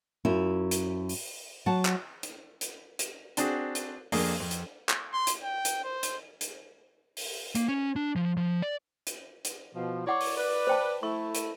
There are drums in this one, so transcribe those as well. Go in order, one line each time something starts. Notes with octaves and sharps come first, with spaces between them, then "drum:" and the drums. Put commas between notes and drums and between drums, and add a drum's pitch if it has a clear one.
F#2 E4 F4
drum: hi-hat
drum: open hi-hat
F#3 F#5 A5
drum: clap
drum: hi-hat
drum: hi-hat
drum: hi-hat
C4 D4 F#4 G#4, drum: hi-hat
drum: hi-hat
F2 A#3 D4 G#4, drum: open hi-hat
F2
drum: hi-hat
drum: clap
C6
drum: hi-hat
G5
drum: hi-hat
C5
drum: hi-hat
drum: hi-hat
drum: open hi-hat
A#3, drum: hi-hat
C#4
D4
F3
F3
D5
drum: hi-hat
drum: hi-hat
B2 F3
E4 C#5 D5 F#5 D6
drum: open hi-hat
B4 D5
C5 G5 A5
A3 E4 C#6
drum: hi-hat